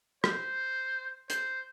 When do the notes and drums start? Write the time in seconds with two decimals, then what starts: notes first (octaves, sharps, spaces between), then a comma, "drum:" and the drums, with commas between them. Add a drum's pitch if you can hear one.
0.24 C5, drum: rim click
1.30 C5, drum: hi-hat